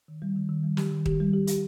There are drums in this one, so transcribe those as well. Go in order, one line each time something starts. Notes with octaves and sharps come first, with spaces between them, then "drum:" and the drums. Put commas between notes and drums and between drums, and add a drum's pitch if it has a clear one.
D#3
G3
D#3
D#3
G3
G4, drum: snare
D#3
G4, drum: kick D#1
G3
G4
G4, drum: hi-hat